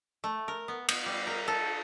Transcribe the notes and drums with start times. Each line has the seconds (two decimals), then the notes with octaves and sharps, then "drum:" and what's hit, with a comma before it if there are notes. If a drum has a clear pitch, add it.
0.24 A3
0.48 A#4
0.68 B3
0.88 B3, drum: cymbal
1.06 G3
1.27 A#4
1.48 A4